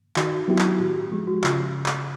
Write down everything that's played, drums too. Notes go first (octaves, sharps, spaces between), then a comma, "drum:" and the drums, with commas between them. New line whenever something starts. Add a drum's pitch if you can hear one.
D#3 F#4, drum: clap
F#3 B3 E4 G4
drum: clap
A2 F#4
G4
F3 G#3 G4
F#4
C#3 F4, drum: clap
drum: clap